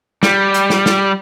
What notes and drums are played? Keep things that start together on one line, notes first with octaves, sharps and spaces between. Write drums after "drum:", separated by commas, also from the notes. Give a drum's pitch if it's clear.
G3, drum: snare
drum: hi-hat
drum: snare
drum: snare